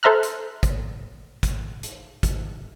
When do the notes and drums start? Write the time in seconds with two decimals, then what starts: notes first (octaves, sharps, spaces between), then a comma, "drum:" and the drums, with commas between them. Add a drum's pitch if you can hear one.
0.03 A4 C5 E5 A#5 F6 F#6
0.23 drum: hi-hat
0.63 drum: kick, hi-hat
1.43 drum: kick, hi-hat
1.83 drum: hi-hat
2.23 drum: kick, hi-hat